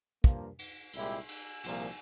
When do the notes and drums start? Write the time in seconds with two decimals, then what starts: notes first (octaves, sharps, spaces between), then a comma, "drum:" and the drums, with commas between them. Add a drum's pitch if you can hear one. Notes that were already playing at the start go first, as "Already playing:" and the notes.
0.24 G2 F3 A#3, drum: kick
0.59 drum: cymbal
0.93 C2 A#2 G#3 E4 G4, drum: cymbal
1.29 drum: cymbal
1.64 C2 A#2 F3 A#3, drum: cymbal